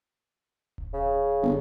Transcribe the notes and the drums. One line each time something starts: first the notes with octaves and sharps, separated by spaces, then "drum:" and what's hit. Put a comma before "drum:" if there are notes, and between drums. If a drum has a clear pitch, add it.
drum: kick D#1
C#3
G1